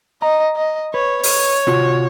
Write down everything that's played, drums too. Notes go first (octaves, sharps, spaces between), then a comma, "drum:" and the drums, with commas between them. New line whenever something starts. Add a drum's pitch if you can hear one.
D#5 A#5
D#5
B4 C#5
C#5, drum: open hi-hat
C3 F4 F#4, drum: snare